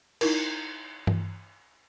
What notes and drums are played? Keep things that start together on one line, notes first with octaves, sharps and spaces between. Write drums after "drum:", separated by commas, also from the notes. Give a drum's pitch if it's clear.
D#4 E4 A#4, drum: cymbal
drum: tom G2